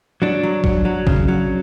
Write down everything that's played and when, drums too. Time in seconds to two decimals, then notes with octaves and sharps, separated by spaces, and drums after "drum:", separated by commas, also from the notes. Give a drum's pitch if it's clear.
0.22 F#3 D4
0.43 F#3
0.64 F#3, drum: kick
0.85 F#3
1.07 C#3, drum: kick
1.28 F#3